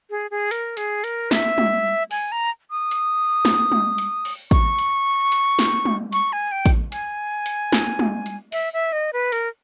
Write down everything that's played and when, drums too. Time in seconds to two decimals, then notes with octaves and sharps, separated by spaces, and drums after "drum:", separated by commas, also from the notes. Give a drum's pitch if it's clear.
0.10 G#4
0.31 G#4
0.51 A#4, drum: hi-hat
0.77 G#4, drum: hi-hat
1.04 A#4, drum: hi-hat
1.31 E5, drum: snare
1.58 drum: tom G3
2.11 G#5, drum: open hi-hat
2.32 A#5
2.71 D#6
2.91 drum: hi-hat
3.45 drum: snare
3.72 drum: tom G3
3.98 drum: hi-hat
4.25 drum: open hi-hat
4.51 C#6, drum: kick A1, hi-hat
4.78 drum: hi-hat
5.32 drum: hi-hat
5.59 drum: snare
5.85 drum: tom G3
6.12 C#6, drum: hi-hat
6.33 G#5
6.52 G5
6.66 drum: kick A1, hi-hat
6.92 G#5, drum: hi-hat
7.46 drum: hi-hat
7.72 drum: snare
7.99 drum: tom G3
8.26 drum: hi-hat
8.52 E5, drum: open hi-hat
8.73 E5
8.92 D#5
9.13 B4
9.32 A#4, drum: hi-hat